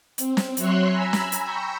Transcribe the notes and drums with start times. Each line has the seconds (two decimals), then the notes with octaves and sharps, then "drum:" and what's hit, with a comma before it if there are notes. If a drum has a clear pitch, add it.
0.18 C4, drum: hi-hat
0.37 drum: snare
0.57 F#3 C#5 E5 C6 F#6, drum: hi-hat
0.89 G#5 A#5 B5 E6
1.13 drum: snare
1.32 drum: hi-hat
1.43 G5 A#5 B5 C#6 E6